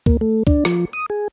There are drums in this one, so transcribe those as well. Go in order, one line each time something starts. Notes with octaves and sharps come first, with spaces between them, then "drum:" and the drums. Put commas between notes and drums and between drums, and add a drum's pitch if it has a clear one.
A#3, drum: kick C#2
A3
D4, drum: kick C#2
F3, drum: rim click
D#6
G#4